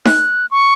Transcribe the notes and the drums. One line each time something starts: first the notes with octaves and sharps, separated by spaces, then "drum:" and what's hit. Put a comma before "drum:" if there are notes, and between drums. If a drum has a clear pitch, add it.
F#6, drum: snare D#4
C#6